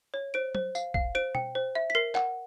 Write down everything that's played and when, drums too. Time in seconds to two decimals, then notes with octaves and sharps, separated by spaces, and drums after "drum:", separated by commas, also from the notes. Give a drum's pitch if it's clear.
0.14 C#5
0.34 C5 D7
0.55 C5, drum: tom
0.75 F5, drum: tambourine
0.94 F5, drum: kick
1.15 C5 D7
1.35 G5, drum: tom B2
1.55 C5
1.75 E5
1.90 B6
1.95 A#4 C7
2.15 F#5, drum: clap